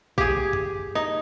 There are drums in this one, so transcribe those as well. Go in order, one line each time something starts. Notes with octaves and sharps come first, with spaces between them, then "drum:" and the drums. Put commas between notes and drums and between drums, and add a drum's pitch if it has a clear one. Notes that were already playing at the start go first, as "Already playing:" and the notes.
G4 G#4, drum: kick
drum: tom F#2
D#4